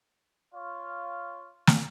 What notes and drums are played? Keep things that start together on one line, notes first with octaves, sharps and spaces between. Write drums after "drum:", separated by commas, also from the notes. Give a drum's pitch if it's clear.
F4 C#5 F5
drum: snare